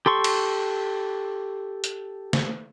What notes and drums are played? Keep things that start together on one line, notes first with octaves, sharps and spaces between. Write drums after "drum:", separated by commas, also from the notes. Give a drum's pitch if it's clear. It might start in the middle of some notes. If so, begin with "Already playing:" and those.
G4 A4 C6 C#6
drum: cymbal
drum: hi-hat
drum: snare